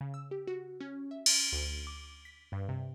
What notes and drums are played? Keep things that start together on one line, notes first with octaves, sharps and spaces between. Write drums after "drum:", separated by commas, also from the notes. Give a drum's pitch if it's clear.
C#3
E6
G4
F#4
C#4
E5
drum: cymbal
D2
D6
B6
G2
C3